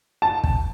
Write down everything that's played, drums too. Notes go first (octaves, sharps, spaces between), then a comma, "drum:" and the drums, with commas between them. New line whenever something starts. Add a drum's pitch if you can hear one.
A5
drum: kick